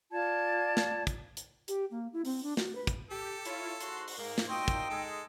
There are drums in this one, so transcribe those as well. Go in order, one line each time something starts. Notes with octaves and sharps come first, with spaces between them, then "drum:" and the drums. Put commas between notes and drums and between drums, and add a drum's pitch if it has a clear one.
F4 D5 A5 G#6
drum: snare
drum: kick, hi-hat
drum: hi-hat
G4, drum: hi-hat
A#3
E4
C4, drum: open hi-hat
D4
F#4, drum: snare
B4
drum: kick, hi-hat
G4 A4
E4 F4 C#5, drum: hi-hat
G#2 F#4 C6, drum: hi-hat
drum: open hi-hat
G#2 A#3
drum: snare
A#2 D#4 F#4 C5 D#5 G5 E6
drum: kick, hi-hat
G#3 A4